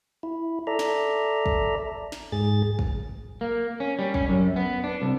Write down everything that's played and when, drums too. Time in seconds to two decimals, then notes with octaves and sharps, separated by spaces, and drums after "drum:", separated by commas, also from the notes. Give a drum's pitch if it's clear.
0.23 E4
0.67 A4 D5 E5 A#5
0.79 drum: snare
1.46 drum: kick
2.12 drum: snare
2.32 G#2 G#4 A6
2.79 drum: kick
3.41 A#3
3.80 C#4
3.99 G3
4.14 C#4, drum: kick
4.29 F#2
4.56 B3
4.84 D4
5.02 C2